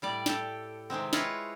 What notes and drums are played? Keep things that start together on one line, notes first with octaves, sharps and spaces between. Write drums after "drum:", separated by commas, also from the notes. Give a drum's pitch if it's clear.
A2 G3 D5
G4 A4, drum: snare
C3 D#3 G#3 C4
E4 F4 G#4 B4 C#5 D#5, drum: snare